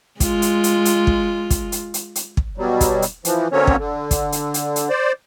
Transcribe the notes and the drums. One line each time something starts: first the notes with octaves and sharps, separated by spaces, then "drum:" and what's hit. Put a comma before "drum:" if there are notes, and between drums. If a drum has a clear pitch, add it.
G#3 F4, drum: kick, hi-hat
drum: hi-hat
drum: hi-hat
drum: hi-hat
drum: kick
drum: kick, hi-hat
drum: hi-hat
drum: hi-hat
drum: hi-hat
drum: kick
B2 F#3 G3
drum: kick, hi-hat
drum: hi-hat
E3 F3, drum: hi-hat
D3 F#3 A#3 C4 C#4 C#5
drum: kick
D3
drum: kick, hi-hat
drum: hi-hat
drum: hi-hat
drum: hi-hat
C5 D5